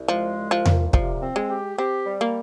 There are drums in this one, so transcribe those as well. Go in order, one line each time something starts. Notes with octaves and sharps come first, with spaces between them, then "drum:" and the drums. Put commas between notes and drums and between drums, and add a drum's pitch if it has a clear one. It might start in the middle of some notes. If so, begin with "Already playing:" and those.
Already playing: C2
F3 G#3
C2
F3
A#2, drum: tom E2
C3 F3, drum: kick
C4
G#3
G4
C4 G4
G3
A#3